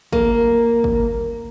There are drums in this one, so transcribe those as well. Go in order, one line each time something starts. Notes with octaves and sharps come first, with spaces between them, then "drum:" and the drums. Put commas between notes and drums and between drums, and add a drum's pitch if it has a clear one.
A#3, drum: kick
drum: kick